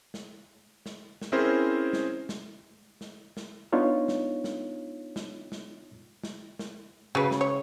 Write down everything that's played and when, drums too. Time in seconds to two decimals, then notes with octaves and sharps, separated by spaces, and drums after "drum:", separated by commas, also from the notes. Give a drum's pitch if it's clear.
0.14 drum: snare
0.86 drum: snare
1.21 drum: snare
1.32 C4 C#4 E4 G#4 A#4 C5
1.93 drum: snare
2.29 drum: snare
3.01 drum: snare
3.37 drum: snare
3.73 B3 D4 D#4 F4 C#5
4.08 drum: snare
4.44 drum: snare
5.16 drum: snare
5.52 drum: snare
6.24 drum: snare
6.59 drum: snare
7.15 C#3 F#3 B4
7.31 drum: snare
7.41 C#5